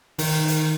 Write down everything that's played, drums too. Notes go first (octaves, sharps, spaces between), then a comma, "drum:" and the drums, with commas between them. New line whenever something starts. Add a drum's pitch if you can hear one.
D#3, drum: open hi-hat
drum: hi-hat